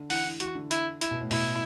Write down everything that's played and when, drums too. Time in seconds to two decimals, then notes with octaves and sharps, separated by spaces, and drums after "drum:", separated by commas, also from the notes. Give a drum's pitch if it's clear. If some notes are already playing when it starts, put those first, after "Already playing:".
Already playing: D3
0.10 E3 F#5, drum: open hi-hat
0.25 E3
0.40 E3 F#4, drum: hi-hat
0.55 D3
0.71 E4, drum: hi-hat
1.01 E4, drum: hi-hat
1.11 B2
1.21 A2
1.31 B2 E4, drum: open hi-hat